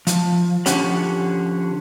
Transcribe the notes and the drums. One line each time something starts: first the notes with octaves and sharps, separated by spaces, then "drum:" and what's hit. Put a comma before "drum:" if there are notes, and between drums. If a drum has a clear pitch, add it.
F3, drum: hi-hat
D3 F3 C#4 G4 C#5 F#5, drum: hi-hat